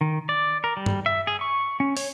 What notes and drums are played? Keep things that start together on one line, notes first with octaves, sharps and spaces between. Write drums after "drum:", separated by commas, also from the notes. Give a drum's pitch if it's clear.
D#3
D5
A#4
G3
drum: tom G2
E5
G#4
C#6
C#4
C#5, drum: open hi-hat